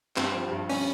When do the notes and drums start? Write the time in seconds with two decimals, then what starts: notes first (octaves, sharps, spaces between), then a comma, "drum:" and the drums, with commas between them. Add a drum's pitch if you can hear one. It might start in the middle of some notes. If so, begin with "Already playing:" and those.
0.16 G2 C4, drum: clap
0.34 F3
0.52 G2
0.69 C#4, drum: open hi-hat